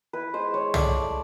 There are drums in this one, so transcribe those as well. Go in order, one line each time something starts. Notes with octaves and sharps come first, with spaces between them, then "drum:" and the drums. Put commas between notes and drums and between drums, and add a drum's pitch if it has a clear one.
E4 B4
G#3 C5
G#3 C#5
A3 D5, drum: tom
A3